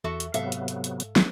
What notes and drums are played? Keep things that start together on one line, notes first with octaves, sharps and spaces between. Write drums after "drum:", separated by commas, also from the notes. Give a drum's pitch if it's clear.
E2 F#4 A4 E5
drum: hi-hat
G#2 C3 F#3 B3 A4 E5 F5, drum: hi-hat
drum: hi-hat
drum: hi-hat
drum: hi-hat
drum: hi-hat
drum: snare